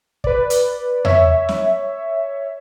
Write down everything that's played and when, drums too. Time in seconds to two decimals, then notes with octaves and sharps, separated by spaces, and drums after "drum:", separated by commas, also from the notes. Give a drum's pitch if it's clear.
0.24 B4 D5, drum: kick
0.50 drum: hi-hat
1.05 C#5 E5, drum: tom E2
1.49 drum: snare